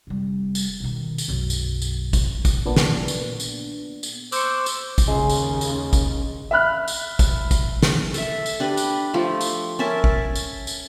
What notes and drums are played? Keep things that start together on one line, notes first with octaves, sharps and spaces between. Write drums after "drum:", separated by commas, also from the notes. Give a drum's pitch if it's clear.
F1 G3
drum: tambourine
B2 D#3
drum: tambourine
B1 F#2
drum: tambourine
drum: tambourine
drum: kick, tambourine
drum: kick, tambourine
A#2 B3 D4
drum: snare
drum: tambourine
drum: tambourine
drum: tambourine
C5 C#6 D6 E6 F#6, drum: tambourine
drum: tambourine
drum: kick, tambourine
D#2 C#3 G#3
drum: tambourine
drum: tambourine
drum: kick, tambourine
E5 B5 F6 F#6
drum: tambourine
drum: kick, tambourine
drum: kick, tambourine
drum: snare
A4 E5, drum: tambourine
drum: tambourine
D4 G4 B4
drum: tambourine
F3 A3
drum: tambourine
C#4 A#4 E5 A5
drum: kick
drum: tambourine
drum: tambourine